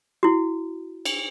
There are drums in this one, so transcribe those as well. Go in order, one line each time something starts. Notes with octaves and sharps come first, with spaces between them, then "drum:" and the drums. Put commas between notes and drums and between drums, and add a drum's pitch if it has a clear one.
E4 F#4
drum: cymbal